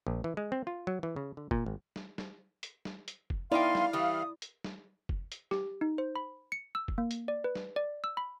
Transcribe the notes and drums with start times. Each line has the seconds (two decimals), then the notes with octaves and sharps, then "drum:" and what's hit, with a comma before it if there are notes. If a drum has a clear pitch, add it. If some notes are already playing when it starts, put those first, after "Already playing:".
0.07 A#1
0.24 E3
0.37 G#3
0.52 C4
0.67 F4
0.87 F#3
1.03 E3
1.16 C#3
1.37 D3
1.51 A#2, drum: kick F#1
1.66 G#1
1.96 drum: snare
2.18 drum: snare
2.63 drum: hi-hat
2.85 drum: snare
3.08 drum: hi-hat
3.30 drum: kick F#1
3.52 B3 D#4 E4 D5 F5 G5 C6
3.75 drum: snare
3.93 E3 G3 D#6
4.42 drum: hi-hat
4.64 drum: snare
5.09 drum: kick F#1
5.32 drum: hi-hat
5.51 G4, drum: snare
5.81 D#4
5.98 C5
6.16 B5
6.52 C#7
6.75 E6
6.88 drum: kick F#1
6.98 A#3
7.11 drum: hi-hat
7.28 D5
7.44 B4
7.55 drum: snare
7.76 D5
8.04 E6
8.17 B5